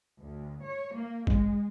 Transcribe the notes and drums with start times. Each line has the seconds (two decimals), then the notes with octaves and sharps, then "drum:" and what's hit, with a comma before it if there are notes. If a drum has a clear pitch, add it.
0.22 D2
0.65 C#5
0.97 A#3
1.27 G#3, drum: kick